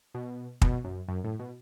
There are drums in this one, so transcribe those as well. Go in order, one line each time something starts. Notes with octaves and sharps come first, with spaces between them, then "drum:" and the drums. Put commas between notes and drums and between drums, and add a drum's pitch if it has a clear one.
B2
B2, drum: kick
F#2
F#2
A2
B2